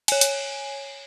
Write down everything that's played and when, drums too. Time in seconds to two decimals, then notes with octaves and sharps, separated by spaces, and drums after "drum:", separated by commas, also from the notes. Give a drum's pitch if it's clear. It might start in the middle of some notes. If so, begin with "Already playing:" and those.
0.08 C#5 G#5, drum: cymbal
0.21 drum: hi-hat